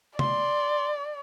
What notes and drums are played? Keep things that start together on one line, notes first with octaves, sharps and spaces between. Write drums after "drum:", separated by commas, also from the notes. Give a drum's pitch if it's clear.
D5 C6, drum: tom